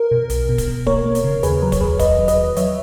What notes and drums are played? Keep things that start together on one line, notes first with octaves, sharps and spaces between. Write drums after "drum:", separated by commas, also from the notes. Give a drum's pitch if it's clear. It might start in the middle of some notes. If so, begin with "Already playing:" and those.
Already playing: A#4
B2
B1, drum: hi-hat
B2
drum: kick, hi-hat
B2
A#3 A#4 C#5, drum: kick
A#3
drum: hi-hat
C#3
D#2 G#4 B4, drum: hi-hat
F#3 A#4
C#5, drum: kick, hi-hat
D#2 G#4 B4
D#2 B4 D#5, drum: kick, hi-hat
F#3
B4 D#5, drum: hi-hat
D#2
F#3 C#5 E5, drum: hi-hat